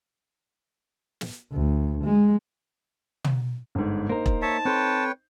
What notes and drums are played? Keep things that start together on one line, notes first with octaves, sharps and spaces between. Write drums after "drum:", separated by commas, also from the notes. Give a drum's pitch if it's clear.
drum: snare
D2
G#3
drum: tom
G1 G#2
A#3 D#4 A#4 C5
drum: kick E1
C#5 E5 A5
C4 A4 B4 C#5 G5 C6